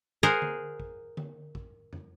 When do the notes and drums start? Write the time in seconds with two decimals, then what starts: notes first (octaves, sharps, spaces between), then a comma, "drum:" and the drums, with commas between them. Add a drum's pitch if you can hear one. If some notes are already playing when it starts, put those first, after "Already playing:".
0.23 G#4 A#4 C5 F#5
0.42 drum: tom D3
0.80 drum: kick
1.17 drum: tom D3
1.55 drum: kick
1.93 drum: tom F2